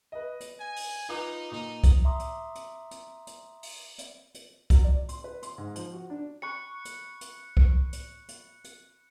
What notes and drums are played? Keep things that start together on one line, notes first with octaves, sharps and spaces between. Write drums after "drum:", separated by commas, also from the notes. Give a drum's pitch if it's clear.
B4 D#5
drum: hi-hat
G#5
drum: open hi-hat
D#4 F4 B4 D6
A#2 D#4
drum: kick C2, hi-hat
E5 A#5 C6 D6 D#6
drum: hi-hat
drum: hi-hat
drum: hi-hat
drum: hi-hat
drum: open hi-hat
drum: hi-hat
drum: hi-hat
F#3, drum: kick C2, hi-hat
D5
C6, drum: hi-hat
B4
C6, drum: hi-hat
G#2
F3, drum: hi-hat
F#4
D4
B5 C#6 F#6 C#7
drum: hi-hat
drum: hi-hat
drum: kick C2
drum: hi-hat
drum: hi-hat
drum: hi-hat